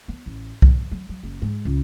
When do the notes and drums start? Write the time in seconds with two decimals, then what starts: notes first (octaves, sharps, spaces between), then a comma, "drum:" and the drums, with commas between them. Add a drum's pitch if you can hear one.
0.08 B3
0.26 A1
0.62 B2, drum: kick C2
0.91 F#3
1.09 F#3
1.23 F#1
1.42 G#2
1.65 C#2